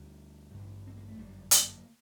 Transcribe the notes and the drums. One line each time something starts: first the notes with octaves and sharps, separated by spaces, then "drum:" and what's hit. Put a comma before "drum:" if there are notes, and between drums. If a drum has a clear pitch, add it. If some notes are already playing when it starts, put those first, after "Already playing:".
Already playing: D2 D3 G3
A1 G2 D3
C4
A#3
A3
G1 F#2 D3 G3
A#3, drum: hi-hat